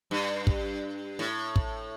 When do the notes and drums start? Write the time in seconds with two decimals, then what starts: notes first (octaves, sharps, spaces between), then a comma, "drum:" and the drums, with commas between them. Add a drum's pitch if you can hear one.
0.11 G2
0.47 drum: kick
1.19 A2
1.56 drum: kick